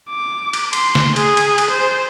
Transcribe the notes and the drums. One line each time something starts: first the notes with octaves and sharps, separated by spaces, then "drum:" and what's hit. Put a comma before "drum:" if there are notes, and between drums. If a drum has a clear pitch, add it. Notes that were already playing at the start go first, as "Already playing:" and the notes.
D6
drum: cymbal
C6, drum: cymbal
drum: snare
G#4, drum: cymbal
drum: cymbal
drum: cymbal
C5